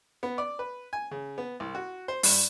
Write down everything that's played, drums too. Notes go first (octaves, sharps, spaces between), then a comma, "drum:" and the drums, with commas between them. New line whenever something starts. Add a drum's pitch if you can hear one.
B3
D5
B4
G#5
C#3
B3
C2
F#4
C5
G2, drum: open hi-hat